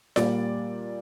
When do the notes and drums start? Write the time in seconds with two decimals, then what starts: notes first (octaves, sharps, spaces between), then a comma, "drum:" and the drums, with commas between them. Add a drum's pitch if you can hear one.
0.16 A#2 G3 A#3 D5, drum: snare F4